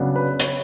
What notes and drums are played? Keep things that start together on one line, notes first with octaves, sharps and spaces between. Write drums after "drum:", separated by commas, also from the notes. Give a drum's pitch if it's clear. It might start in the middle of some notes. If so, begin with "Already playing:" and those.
Already playing: C#3 F#3 B3 D4
B4
C#5, drum: hi-hat